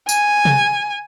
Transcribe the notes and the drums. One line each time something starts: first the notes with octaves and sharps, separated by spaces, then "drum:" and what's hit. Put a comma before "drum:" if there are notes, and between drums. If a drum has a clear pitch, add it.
G#5, drum: tambourine
drum: tom C3